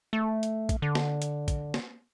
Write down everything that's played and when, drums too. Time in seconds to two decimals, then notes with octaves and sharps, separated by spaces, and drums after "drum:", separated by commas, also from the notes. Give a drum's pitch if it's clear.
0.13 A3
0.43 drum: hi-hat
0.69 drum: kick, hi-hat
0.82 D3
0.95 drum: snare
1.22 drum: hi-hat
1.48 drum: kick, hi-hat
1.74 drum: snare